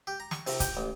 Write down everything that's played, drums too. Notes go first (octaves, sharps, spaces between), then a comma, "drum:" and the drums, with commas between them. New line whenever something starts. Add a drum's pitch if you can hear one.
G4
A#5
C#6, drum: snare
C3, drum: open hi-hat
G4, drum: kick C#1, hi-hat
A1